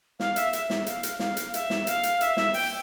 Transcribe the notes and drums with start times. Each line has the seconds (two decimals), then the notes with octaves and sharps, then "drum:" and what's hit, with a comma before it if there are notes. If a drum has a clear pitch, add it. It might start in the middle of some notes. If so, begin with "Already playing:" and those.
0.20 F5, drum: snare
0.36 E5, drum: hi-hat
0.53 E5, drum: hi-hat
0.70 drum: snare
0.86 F5, drum: hi-hat
1.03 drum: hi-hat
1.19 F5, drum: snare
1.37 drum: hi-hat
1.54 E5, drum: hi-hat
1.70 drum: snare
1.87 F5, drum: hi-hat
2.03 drum: hi-hat
2.21 E5, drum: hi-hat
2.37 E5, drum: snare
2.54 G5, drum: open hi-hat